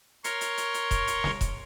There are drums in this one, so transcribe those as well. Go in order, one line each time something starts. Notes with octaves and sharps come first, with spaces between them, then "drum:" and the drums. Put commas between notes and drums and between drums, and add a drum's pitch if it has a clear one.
A#4 C#5 C6 C#6, drum: hi-hat
drum: hi-hat
drum: hi-hat
drum: hi-hat
drum: kick E1, hi-hat
drum: hi-hat
drum: snare
drum: kick E1, hi-hat